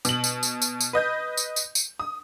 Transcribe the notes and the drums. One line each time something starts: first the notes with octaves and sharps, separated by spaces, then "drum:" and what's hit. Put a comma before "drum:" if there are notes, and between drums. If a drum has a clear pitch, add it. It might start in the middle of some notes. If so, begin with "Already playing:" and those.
B2 F#7, drum: tambourine
drum: tambourine
drum: tambourine
drum: tambourine
drum: tambourine
B4 D#5 G6
drum: tambourine
drum: tambourine
drum: tambourine
D#6